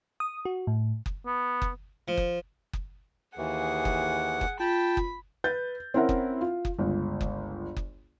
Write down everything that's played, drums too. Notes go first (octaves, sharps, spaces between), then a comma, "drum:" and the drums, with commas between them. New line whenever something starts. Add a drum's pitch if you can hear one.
D#6
F#4
A2
drum: kick F#1
B3
drum: kick F#1
F3
drum: kick F#1
drum: kick F#1
D#2 E3 G#4 F#5
drum: kick F#1
drum: kick F#1
F4 G5 A5 B5
drum: kick F#1
B4 G6 A6
C4 C#4 E4 A#4 E5 F#5
drum: kick F#1
F4
drum: kick F#1
G1 C#2
drum: kick F#1
drum: kick F#1